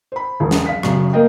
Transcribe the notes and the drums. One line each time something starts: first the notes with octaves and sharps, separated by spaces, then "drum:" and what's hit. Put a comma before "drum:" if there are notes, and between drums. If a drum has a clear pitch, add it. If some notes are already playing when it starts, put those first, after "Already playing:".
C5 B5
E1 G#3
drum: snare
F5 B6
F#2 C#3, drum: rim click
A#3 A#4 D#5 G5